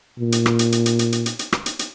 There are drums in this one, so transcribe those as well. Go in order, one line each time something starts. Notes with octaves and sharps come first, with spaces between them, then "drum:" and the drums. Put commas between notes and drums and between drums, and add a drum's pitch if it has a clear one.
A#2
drum: hi-hat
drum: rim click
drum: hi-hat
drum: hi-hat
drum: hi-hat
drum: hi-hat
drum: hi-hat
drum: hi-hat
drum: hi-hat
drum: rim click
drum: hi-hat
drum: hi-hat